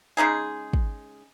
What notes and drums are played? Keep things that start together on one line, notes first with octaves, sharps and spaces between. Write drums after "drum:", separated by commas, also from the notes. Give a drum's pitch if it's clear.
C#3 G#3 D#4 G#4
drum: kick